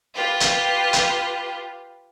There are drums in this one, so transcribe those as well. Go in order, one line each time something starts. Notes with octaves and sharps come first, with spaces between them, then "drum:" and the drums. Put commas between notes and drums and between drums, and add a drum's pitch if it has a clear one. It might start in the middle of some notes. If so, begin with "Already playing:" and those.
F4 G4 B4
drum: hi-hat
drum: hi-hat